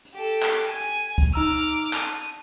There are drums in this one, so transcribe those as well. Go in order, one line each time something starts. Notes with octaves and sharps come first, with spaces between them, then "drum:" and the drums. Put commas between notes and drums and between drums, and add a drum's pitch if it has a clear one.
drum: hi-hat
G4 A4
drum: clap
G#5
drum: hi-hat
drum: kick, hi-hat
D#4 A#5 D6 E6 F6
drum: hi-hat
A5 D#6, drum: clap